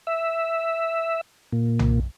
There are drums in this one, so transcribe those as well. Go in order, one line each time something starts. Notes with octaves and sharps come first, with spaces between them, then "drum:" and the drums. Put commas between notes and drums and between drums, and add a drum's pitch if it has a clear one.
E5
A#2
drum: tom B1